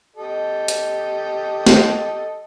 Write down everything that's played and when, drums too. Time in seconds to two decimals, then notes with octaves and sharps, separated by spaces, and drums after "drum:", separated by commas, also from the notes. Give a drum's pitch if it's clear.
0.16 G4 A4 D#5
0.68 drum: hi-hat
1.66 drum: snare